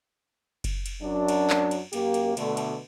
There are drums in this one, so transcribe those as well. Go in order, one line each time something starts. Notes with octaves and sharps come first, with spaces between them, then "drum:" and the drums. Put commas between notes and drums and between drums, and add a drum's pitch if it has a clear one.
drum: kick F#1, cymbal
drum: cymbal
F#2 F#3 D4
drum: cymbal
drum: clap
drum: cymbal
F#2 A#3 G4, drum: cymbal
drum: cymbal
B2 D3 A3, drum: cymbal
drum: cymbal